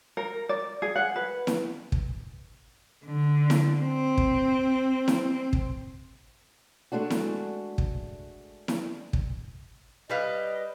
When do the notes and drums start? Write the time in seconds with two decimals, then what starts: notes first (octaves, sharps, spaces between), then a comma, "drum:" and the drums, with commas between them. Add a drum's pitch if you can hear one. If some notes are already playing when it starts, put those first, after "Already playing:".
0.17 A#4
0.49 D5
0.82 G#4
0.96 F#5
1.16 B4
1.47 drum: snare E4
1.92 drum: kick
3.05 D3
3.50 drum: snare E4
3.79 C4
4.17 drum: kick
5.08 drum: snare E4
5.53 drum: kick
6.92 G#3 A3 D4 F#4
7.10 drum: snare E4
7.78 drum: kick
8.68 drum: snare E4
9.13 drum: kick
10.10 G3 B4 D#5 F5